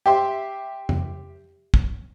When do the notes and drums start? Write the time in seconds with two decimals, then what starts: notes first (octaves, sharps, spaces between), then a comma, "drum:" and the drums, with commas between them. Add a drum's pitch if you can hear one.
0.06 G4 E5 C6
0.89 drum: tom F2
1.74 drum: kick